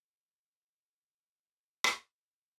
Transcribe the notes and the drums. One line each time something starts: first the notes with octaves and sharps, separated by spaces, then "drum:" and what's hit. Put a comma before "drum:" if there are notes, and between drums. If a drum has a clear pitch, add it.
G#3
F#3
E3
C#3
G#2
F#2
G#2
C#3
drum: rim click
C#3